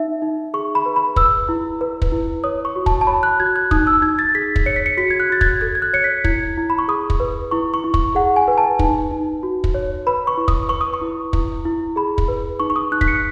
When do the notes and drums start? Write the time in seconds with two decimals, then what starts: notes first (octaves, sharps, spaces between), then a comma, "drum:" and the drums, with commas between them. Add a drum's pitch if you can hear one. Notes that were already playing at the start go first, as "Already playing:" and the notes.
Already playing: D#4 E5
0.22 D#4
0.54 G#4 C#6
0.75 B5
0.86 B4
0.96 B5
1.16 B4 E6, drum: kick
1.49 E4
1.81 B4
2.02 drum: kick
2.12 E4
2.44 C#5 D#6
2.65 C#6
2.76 F#4
2.86 A5, drum: kick
3.01 A5
3.07 C#5 B5
3.23 F#6
3.40 F#4 G#6
3.56 F#6
3.71 D#4 D#6, drum: kick
3.87 E6
4.02 D#4 G#6
4.19 A6
4.35 G#4 B6
4.56 drum: kick
4.66 C#5 C#7
4.76 B6
4.86 C#7
4.97 F#4 B6
5.11 G#6
5.20 F#6
5.30 F#4 A6
5.41 G#6, drum: kick
5.61 A4 G#6
5.75 G#6
5.82 F#6
5.93 C#5 C#7
6.04 B6
6.24 E4 G#6, drum: kick
6.57 E4
6.70 B5
6.79 C#6
6.88 G#4 D#6
7.10 drum: kick
7.20 B4
7.51 E4 C#6
7.74 C#6
7.84 E4
7.94 C#6, drum: kick
8.15 G#4 F#5
8.36 G#5
8.48 B4
8.58 A5
8.79 D#4, drum: kick
9.11 D#4
9.43 F#4
9.64 drum: kick
9.74 C#5
10.07 B4 B5
10.27 C#6
10.37 E4
10.48 D#6, drum: kick
10.69 B4 C#6
10.81 D#6
10.94 C#6
11.02 E4
11.33 E4, drum: kick
11.65 E4
11.96 G#4 B5
12.18 drum: kick
12.28 B4
12.60 D#4 C#6
12.70 C#6
12.76 D#6
12.92 D#4 F#6
13.01 B6, drum: kick
13.08 C#7